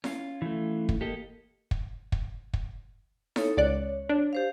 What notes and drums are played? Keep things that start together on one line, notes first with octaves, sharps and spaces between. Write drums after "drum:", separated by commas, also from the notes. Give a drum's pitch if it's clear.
C#4 F4, drum: snare E4
E3 A3
drum: kick
A#3 G4 A4 D#5
drum: kick
drum: kick
drum: kick
D#4 A4 C#5, drum: snare E4
C#2 C#5 D5 F#6
D4
G4 C5 F5